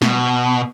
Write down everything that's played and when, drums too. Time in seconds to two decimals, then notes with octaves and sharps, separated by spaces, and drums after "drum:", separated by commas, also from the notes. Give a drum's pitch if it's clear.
0.02 B2, drum: snare F#3